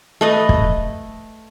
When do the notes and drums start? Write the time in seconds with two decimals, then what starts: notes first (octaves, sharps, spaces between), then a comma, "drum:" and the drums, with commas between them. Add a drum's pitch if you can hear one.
0.21 A3 B4 D#5
0.49 drum: kick